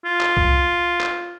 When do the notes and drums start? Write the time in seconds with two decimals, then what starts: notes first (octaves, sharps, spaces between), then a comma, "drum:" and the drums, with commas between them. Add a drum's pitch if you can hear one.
0.05 F4
0.21 drum: clap
0.37 drum: kick C2
1.01 drum: clap